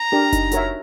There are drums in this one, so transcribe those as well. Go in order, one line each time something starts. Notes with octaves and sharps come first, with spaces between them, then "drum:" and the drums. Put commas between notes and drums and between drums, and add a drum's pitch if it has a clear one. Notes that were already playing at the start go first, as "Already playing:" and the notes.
Already playing: A#5
D4 G4 A#4
D#4, drum: kick F#1, hi-hat
F#4 A#4 C#5 E5, drum: hi-hat